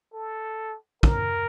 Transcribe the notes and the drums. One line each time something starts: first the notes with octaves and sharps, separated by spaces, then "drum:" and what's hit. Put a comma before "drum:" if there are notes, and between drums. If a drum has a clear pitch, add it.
A4
A#4, drum: kick